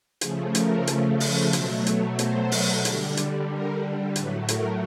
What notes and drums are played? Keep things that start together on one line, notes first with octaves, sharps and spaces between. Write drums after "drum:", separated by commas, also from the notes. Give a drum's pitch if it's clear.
C#3 F3 A3 G#4, drum: hi-hat
A#4, drum: hi-hat
drum: hi-hat
drum: open hi-hat
B2 F#3 A3 C5, drum: hi-hat
C#5, drum: hi-hat
C5, drum: hi-hat
drum: open hi-hat
D3 G3, drum: hi-hat
drum: hi-hat
A#4
A2 F#3 A3 B4, drum: hi-hat
A#4, drum: hi-hat